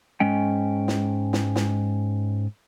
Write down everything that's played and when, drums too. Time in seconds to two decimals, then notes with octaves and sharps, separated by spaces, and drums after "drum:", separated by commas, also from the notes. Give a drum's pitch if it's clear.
0.20 G#2 G#3 C#4 G5
0.88 drum: snare
1.33 drum: snare
1.56 drum: snare